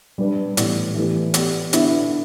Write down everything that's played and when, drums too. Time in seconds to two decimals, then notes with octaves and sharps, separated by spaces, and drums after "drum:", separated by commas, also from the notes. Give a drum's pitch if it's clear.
0.18 G3 D4 B4 D5
0.57 A2 E3 B3 G4 D5, drum: hi-hat
0.96 E3 A3 G4 B4
1.34 B3 G4 D5, drum: hi-hat
1.73 D3 B3 E4, drum: hi-hat